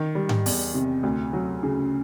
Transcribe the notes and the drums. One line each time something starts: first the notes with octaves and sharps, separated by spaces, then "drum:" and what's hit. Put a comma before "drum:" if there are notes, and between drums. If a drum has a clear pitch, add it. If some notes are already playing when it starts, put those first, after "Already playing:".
Already playing: D#3
G3
drum: tom G#2
E2, drum: open hi-hat
C3
D2
F#3
C#3